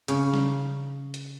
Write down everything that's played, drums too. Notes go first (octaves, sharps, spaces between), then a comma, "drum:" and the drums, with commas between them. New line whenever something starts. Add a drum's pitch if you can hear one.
C#3, drum: hi-hat
drum: snare
drum: hi-hat